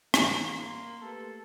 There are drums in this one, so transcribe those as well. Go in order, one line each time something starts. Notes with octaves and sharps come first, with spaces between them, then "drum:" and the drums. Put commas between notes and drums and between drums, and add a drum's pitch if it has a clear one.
A#3, drum: rim click
C6
A3 G4 A4 B4